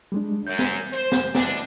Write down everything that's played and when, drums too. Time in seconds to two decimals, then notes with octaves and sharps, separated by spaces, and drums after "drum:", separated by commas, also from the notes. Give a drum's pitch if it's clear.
0.12 G3 G#3 D4
0.47 F#2 G6
0.59 drum: snare
0.93 C5, drum: hi-hat
1.12 drum: snare
1.35 B2 E3 D4, drum: snare